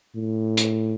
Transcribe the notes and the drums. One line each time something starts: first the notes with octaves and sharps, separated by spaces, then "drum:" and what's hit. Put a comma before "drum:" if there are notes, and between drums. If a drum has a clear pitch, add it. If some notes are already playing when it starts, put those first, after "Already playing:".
A2
drum: hi-hat